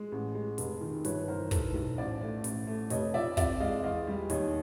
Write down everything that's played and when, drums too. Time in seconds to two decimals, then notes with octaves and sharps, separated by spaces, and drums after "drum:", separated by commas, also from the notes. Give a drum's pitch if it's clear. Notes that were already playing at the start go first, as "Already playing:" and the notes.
Already playing: G#3
0.12 A1
0.35 G#3
0.58 F1, drum: hi-hat
0.81 D#3
1.05 G1 B4 C#5, drum: hi-hat
1.28 E3 A#4 C5
1.51 B1 A4 B4, drum: kick, hi-hat
1.74 B1
1.98 A1 C5 D5
2.21 A3
2.44 A1, drum: hi-hat
2.67 A3
2.90 F1 C#5 D#5, drum: hi-hat
3.14 F3 D5 E5
3.37 F2 D5 E5, drum: kick, hi-hat
3.60 G#3 D#5 F5
3.83 E2 D#5 F5
4.07 G3
4.30 D#2 C#5 D#5, drum: hi-hat